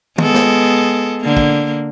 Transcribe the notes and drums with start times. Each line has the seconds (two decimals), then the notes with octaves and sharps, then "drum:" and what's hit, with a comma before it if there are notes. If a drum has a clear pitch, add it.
0.18 G#3 B3 A4, drum: tom
0.34 drum: snare
1.21 D3 A#3
1.37 drum: kick